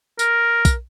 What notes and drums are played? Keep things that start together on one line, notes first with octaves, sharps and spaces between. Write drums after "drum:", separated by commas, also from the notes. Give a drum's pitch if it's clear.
A#4, drum: tambourine
drum: kick, tambourine